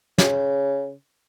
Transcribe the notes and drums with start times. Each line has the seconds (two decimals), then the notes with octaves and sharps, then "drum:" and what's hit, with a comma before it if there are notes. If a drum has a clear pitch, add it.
0.18 C#3, drum: snare